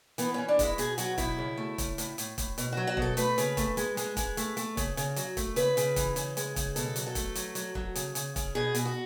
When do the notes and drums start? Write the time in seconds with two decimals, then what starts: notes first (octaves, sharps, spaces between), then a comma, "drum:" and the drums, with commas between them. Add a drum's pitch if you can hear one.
0.18 E3 B3, drum: hi-hat
0.34 E3 C#4
0.48 D4
0.59 G#3 E4, drum: kick, hi-hat
0.78 B2 G#4, drum: hi-hat
0.98 F#3 F#4, drum: hi-hat
1.18 B2 E4, drum: kick, hi-hat
1.39 C#3
1.57 A3
1.78 C#3, drum: kick, hi-hat
1.98 A2, drum: hi-hat
2.18 A2, drum: hi-hat
2.38 A2, drum: kick, hi-hat
2.58 B2, drum: hi-hat
2.72 F#3 F#4
2.87 F#4
2.97 B2 A4, drum: kick
3.17 A3 B4, drum: hi-hat
3.38 C#3, drum: hi-hat
3.57 A3, drum: kick, hi-hat
3.77 G#3, drum: hi-hat
3.97 G#3, drum: hi-hat
4.17 G#3, drum: kick, hi-hat
4.37 A3, drum: hi-hat
4.57 A3, drum: hi-hat
4.77 C#3, drum: kick, hi-hat
4.97 C#3, drum: hi-hat
5.16 F#3, drum: hi-hat
5.37 A3, drum: kick, hi-hat
5.56 C#3 B4, drum: hi-hat
5.77 C#3, drum: hi-hat
5.96 E3, drum: kick, hi-hat
6.16 C#3, drum: hi-hat
6.37 G#3, drum: hi-hat
6.56 C#3, drum: kick, hi-hat
6.76 B2 A4, drum: hi-hat
6.96 F#3, drum: hi-hat
7.06 A4
7.15 A3, drum: kick, hi-hat
7.35 F#3, drum: hi-hat
7.55 F#3, drum: hi-hat
7.75 F#3, drum: kick
7.95 C#3, drum: hi-hat
8.15 C#3, drum: hi-hat
8.36 C#3, drum: kick, hi-hat
8.55 B2 G#4
8.75 B2, drum: hi-hat
8.85 F#4